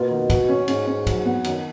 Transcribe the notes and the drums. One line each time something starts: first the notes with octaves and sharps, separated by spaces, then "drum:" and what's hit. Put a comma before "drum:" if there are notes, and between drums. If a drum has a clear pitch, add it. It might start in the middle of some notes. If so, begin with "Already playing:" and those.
Already playing: B2 A#3 F4
D#3
F#4, drum: kick, cymbal
C#4
G#2 C#4, drum: cymbal
C#4
F#3, drum: kick, cymbal
B3
F#2 D#3, drum: cymbal